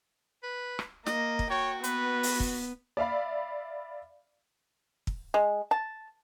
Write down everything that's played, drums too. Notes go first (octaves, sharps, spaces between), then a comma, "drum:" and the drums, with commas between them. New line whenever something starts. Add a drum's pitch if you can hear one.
B4
drum: rim click
A#3 D#5, drum: snare
drum: kick
F#4 C#5 G5
B3 B4, drum: hi-hat
drum: open hi-hat
drum: kick
D5 E5 F5 B5
drum: kick
G#3
A5